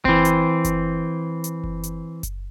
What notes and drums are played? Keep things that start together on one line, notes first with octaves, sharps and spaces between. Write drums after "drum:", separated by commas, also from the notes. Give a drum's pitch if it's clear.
E3 C4, drum: kick F#1
drum: hi-hat
drum: kick F#1, hi-hat
drum: hi-hat
drum: kick F#1
drum: hi-hat
drum: kick F#1, hi-hat